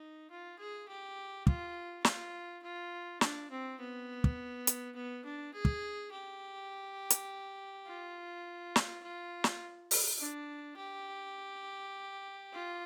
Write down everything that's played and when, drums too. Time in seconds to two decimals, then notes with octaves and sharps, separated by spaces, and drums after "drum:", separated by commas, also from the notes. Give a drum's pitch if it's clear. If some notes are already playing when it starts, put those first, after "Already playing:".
Already playing: D#4
0.30 F4
0.59 G#4
0.88 G4
1.47 F4, drum: kick
2.05 F4, drum: snare
2.63 F4
3.21 D4, drum: snare
3.51 C4
3.79 B3
4.24 drum: kick
4.67 drum: hi-hat
4.96 B3
5.25 D4
5.54 G#4
5.65 drum: kick
6.12 G4
7.10 drum: hi-hat
7.87 F4
8.76 drum: snare
9.03 F4
9.44 drum: snare
9.91 drum: open hi-hat
10.20 D4
10.78 G4
12.53 F4